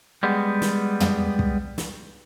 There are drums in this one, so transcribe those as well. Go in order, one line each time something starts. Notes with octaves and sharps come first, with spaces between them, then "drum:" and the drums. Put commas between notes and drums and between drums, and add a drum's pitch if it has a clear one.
G3 G#3 B3
drum: snare
drum: tom
drum: kick
drum: snare